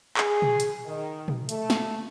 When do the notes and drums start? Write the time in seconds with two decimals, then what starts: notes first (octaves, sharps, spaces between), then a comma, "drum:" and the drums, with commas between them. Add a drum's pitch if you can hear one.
0.17 G#4, drum: clap
0.42 drum: tom A#2
0.60 drum: hi-hat
0.86 D#3
1.28 drum: tom A#2
1.49 A3, drum: hi-hat
1.70 drum: snare